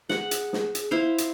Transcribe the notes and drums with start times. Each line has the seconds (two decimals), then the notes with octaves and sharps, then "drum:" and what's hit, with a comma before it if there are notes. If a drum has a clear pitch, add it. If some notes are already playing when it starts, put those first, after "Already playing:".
0.09 G#4 F#5, drum: snare
0.31 drum: hi-hat
0.53 drum: snare
0.75 drum: hi-hat
0.91 E4 C5 F5
1.18 drum: hi-hat